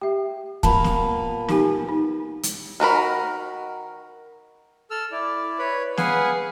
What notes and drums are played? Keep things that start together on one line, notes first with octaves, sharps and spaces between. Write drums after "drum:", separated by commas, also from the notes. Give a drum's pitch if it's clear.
G4 E5 G5
A#2 A#3 B3 A5 B5, drum: kick
drum: snare
D#4 G4 G#5, drum: snare
D#4
drum: hi-hat
D#3 F#4 A#4 B5
A4 E6 F6
E4 D5
B4 C#5 B5
G#4 B4 F5 F#5 G#5, drum: snare